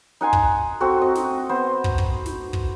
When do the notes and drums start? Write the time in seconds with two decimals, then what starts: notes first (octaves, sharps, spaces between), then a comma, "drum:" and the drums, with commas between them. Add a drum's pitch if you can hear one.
0.21 D#4 F#5 G#5 C6
0.33 drum: kick
0.80 C4 F#4 A4
1.02 D#5
1.15 drum: snare
1.49 B3 C5
1.84 drum: kick
1.98 drum: kick
2.26 drum: snare
2.53 drum: kick